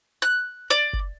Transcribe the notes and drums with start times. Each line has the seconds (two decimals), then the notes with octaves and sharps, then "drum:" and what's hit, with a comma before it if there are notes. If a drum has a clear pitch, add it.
0.22 F#6
0.70 D5
0.93 drum: kick F#1